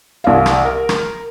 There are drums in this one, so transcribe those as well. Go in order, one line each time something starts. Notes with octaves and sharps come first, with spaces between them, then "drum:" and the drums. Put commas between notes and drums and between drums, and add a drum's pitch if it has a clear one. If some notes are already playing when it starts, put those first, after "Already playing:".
C2 F5
drum: rim click
A#4
drum: rim click